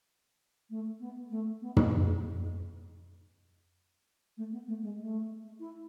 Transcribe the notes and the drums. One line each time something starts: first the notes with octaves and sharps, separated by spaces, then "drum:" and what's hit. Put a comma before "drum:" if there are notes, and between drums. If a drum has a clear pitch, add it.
A3
B3
A3
B3
drum: tom
A3
B3
A3
G#3
A3
E4